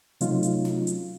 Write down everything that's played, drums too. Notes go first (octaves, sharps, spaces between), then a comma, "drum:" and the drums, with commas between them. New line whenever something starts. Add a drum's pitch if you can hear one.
C3 F#3 A3 C#4 D#4 F4, drum: hi-hat
drum: hi-hat
drum: snare
drum: hi-hat